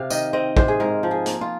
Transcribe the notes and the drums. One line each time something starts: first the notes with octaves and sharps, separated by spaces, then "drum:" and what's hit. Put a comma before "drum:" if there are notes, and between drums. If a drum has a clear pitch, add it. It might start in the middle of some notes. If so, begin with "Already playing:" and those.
Already playing: C3 F5
D#3 D#5, drum: tambourine
C4 D#5
C3 C5, drum: kick
G#4
G#2 A#4
F3
G#4
A#3, drum: hi-hat
F4